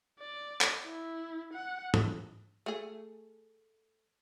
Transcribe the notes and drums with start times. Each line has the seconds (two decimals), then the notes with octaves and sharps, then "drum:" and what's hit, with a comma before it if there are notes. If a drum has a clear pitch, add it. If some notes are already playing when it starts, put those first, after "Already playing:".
0.19 D5
0.61 drum: clap
0.85 E4
1.53 F#5
1.94 drum: tom
2.66 A3 G#4